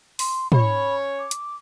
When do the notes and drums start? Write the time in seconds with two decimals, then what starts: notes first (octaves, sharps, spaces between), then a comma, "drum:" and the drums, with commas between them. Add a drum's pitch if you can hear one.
0.19 C6, drum: open hi-hat
0.52 C#4 C#5 B5, drum: tom
1.19 D6
1.31 drum: hi-hat